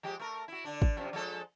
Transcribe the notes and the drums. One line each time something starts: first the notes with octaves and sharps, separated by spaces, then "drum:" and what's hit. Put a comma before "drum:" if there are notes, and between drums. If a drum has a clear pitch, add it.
F3 G#3 G4
A3 A#4
E4 F#4
D3 D4
drum: kick
F#2 C3 F3
F3 G#3 A4